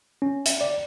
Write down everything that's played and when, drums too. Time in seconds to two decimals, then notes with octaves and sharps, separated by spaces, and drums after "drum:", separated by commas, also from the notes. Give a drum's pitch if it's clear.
0.22 C#4
0.46 E5, drum: hi-hat
0.61 D5